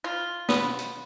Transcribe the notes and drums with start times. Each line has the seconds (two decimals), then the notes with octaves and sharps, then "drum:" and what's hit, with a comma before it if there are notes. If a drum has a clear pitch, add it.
0.04 F4
0.49 B3, drum: snare
0.79 drum: hi-hat